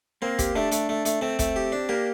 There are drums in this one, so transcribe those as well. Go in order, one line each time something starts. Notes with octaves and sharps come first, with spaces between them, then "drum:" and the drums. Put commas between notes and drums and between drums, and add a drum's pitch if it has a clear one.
A#3 C4
G4, drum: kick, hi-hat
A3 D4
A3, drum: hi-hat
A3
A3, drum: hi-hat
A3 C4
A3, drum: kick, hi-hat
G4
D4
A#3 G4